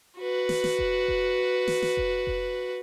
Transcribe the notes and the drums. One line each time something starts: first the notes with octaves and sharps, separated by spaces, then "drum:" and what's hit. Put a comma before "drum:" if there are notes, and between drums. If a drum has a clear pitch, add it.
F#4 B4
drum: snare
drum: snare
drum: kick F1
drum: kick F1
drum: snare
drum: snare
drum: kick F1
drum: kick F1